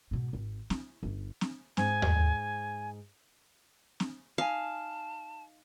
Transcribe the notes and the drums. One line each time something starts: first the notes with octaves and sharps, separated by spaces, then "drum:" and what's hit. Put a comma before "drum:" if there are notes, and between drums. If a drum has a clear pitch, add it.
G#2 B2
G#1 C4
E4, drum: snare C4
G1 C#4
drum: snare C4
G#2 G#5, drum: snare C4
drum: tom D#2
drum: snare C4
D#4 F5 G#5 A5